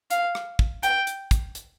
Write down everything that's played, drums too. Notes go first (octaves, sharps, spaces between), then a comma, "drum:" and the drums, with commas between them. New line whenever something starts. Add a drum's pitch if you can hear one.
F5, drum: hi-hat
drum: rim click
drum: kick
G5, drum: hi-hat
drum: hi-hat
drum: kick, hi-hat
drum: hi-hat